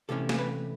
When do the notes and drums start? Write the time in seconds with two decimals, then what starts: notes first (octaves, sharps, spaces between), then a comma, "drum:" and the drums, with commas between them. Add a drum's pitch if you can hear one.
0.09 C3 E3 A3 C#4 E4 A4
0.29 drum: snare
0.38 B4